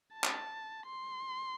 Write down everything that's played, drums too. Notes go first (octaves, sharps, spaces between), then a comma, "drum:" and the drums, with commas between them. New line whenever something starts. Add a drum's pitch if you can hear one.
A5
drum: clap
C6